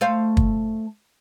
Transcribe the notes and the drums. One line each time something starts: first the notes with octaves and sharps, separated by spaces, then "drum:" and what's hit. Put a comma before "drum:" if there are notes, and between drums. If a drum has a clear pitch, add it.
A3 C5 F5
drum: kick